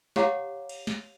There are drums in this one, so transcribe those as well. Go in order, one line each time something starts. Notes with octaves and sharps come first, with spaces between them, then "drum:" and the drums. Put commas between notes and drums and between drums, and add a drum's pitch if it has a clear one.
G4 C#5 F5 F#5 A#5 D6, drum: snare
drum: cymbal
drum: snare